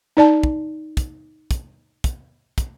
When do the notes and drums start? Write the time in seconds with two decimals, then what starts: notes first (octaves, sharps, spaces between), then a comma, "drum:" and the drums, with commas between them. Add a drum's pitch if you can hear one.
0.17 D#4 D5 A5
0.43 drum: kick
0.97 drum: kick, hi-hat
1.51 drum: kick, hi-hat
2.04 drum: kick, hi-hat
2.58 drum: kick, hi-hat